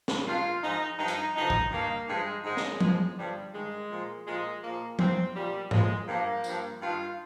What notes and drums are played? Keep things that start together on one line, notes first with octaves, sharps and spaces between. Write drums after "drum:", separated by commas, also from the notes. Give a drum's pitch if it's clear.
drum: snare
G2 D#3 F4
G#2 F3 D#4
G2 F3 D#4
drum: hi-hat
G2 D3 F3 D#4
drum: kick
G2 D#3 A#3
G2 F3 G#3
G#2 D#3 G#3
drum: snare
G#2 F3 G#3, drum: tom F3
G2 D3 F3 G3
G2 D#3 G#3
A#2 F3
A#2 F3 G#3
A#2 F3 A#3
G#2 F3 C4, drum: tom F3
A#2 F3 G3
A#2 F3 G#3, drum: tom G#2
G2 F3 A#3
G2 F3, drum: tambourine
G2 D#3 F4